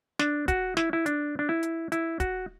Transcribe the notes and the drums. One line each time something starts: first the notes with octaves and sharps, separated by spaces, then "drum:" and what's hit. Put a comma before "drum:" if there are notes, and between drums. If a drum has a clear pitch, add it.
D4, drum: snare
F#4, drum: kick, hi-hat
E4, drum: snare
E4
D4, drum: hi-hat
D4
E4
drum: hi-hat
E4, drum: hi-hat
F#4, drum: kick, hi-hat